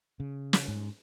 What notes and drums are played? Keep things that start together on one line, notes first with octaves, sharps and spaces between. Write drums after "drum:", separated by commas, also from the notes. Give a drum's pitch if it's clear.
C#3
drum: snare
G#2